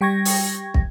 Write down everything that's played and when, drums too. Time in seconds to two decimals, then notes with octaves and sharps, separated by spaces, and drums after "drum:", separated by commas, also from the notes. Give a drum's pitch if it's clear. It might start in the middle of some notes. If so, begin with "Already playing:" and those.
0.01 G3 G5 C#6 G#6 A#6
0.25 drum: open hi-hat
0.74 drum: kick